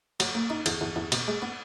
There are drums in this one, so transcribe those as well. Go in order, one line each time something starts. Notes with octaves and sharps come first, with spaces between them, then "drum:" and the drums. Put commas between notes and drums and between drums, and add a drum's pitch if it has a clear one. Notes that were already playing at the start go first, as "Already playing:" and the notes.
F#3, drum: cymbal
A#3
D#4
E2, drum: cymbal
E2
E2
B2, drum: cymbal
G#3
B3